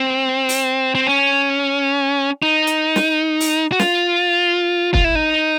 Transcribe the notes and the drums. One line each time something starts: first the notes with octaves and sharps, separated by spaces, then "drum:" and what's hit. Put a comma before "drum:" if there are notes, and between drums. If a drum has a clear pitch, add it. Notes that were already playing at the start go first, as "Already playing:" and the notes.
Already playing: C4
drum: open hi-hat
C4
C#4
D#4
drum: hi-hat
drum: snare
drum: open hi-hat
F#4
F4, drum: snare
F4, drum: kick
E4
D#4